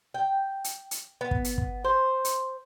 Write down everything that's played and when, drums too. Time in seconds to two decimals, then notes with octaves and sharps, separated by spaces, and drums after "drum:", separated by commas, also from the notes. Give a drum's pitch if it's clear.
0.14 G5
0.64 drum: hi-hat
0.91 drum: hi-hat
1.21 B3
1.31 drum: kick
1.44 drum: hi-hat
1.58 drum: kick
1.85 C5
2.25 drum: hi-hat